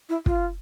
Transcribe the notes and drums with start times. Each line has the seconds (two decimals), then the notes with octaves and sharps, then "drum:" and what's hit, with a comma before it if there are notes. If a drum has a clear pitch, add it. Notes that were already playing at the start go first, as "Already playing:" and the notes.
0.09 E4
0.26 F4, drum: kick